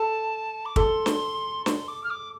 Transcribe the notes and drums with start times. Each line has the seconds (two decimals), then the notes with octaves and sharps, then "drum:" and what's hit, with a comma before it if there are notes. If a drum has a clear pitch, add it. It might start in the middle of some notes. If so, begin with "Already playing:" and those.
Already playing: A4 A5
0.65 D6
0.76 A4 C6, drum: kick
1.06 drum: snare
1.66 C6, drum: snare
1.88 D6
2.03 F6
2.10 D6